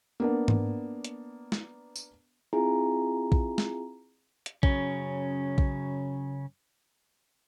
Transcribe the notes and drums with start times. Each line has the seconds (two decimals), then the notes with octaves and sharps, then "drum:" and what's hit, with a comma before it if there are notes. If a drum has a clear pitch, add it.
0.20 A#3 B3 D4
0.48 drum: tom G#2
1.05 drum: hi-hat
1.52 drum: snare
1.96 drum: tambourine
2.53 C4 E4 F4 G#4 G#5 A#5
3.32 drum: kick A#1
3.58 drum: snare
4.46 drum: hi-hat
4.63 F#2 C#3 C#4, drum: kick A#1
5.58 drum: kick A#1